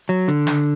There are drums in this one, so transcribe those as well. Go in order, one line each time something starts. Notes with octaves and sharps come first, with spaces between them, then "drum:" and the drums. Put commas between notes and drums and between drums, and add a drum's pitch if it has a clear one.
F#3
D3, drum: hi-hat
drum: snare